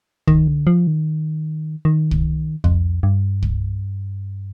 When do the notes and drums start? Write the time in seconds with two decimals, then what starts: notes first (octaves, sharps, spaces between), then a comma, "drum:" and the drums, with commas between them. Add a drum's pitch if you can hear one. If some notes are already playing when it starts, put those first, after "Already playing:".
0.28 D#3, drum: kick
0.48 D3
0.67 F3
0.87 D#3
1.85 D#3
2.11 drum: kick
2.64 F2, drum: kick
3.03 G2
3.43 drum: kick